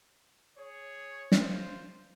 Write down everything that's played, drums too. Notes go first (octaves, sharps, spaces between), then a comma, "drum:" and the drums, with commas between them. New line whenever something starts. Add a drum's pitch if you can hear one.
G#4 C#5
F4 C5, drum: snare